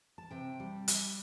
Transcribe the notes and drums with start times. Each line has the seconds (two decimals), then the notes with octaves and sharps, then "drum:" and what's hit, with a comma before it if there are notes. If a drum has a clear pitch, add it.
0.18 A5
0.30 C3 G5
0.60 G3
0.88 G3, drum: hi-hat